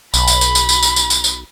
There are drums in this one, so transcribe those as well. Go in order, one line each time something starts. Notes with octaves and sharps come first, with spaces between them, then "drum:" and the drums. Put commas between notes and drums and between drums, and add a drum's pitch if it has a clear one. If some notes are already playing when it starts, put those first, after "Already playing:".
B1 B5, drum: tambourine
drum: tambourine
drum: tambourine
drum: tambourine
drum: tambourine
drum: tambourine
drum: tambourine
drum: tambourine
drum: tambourine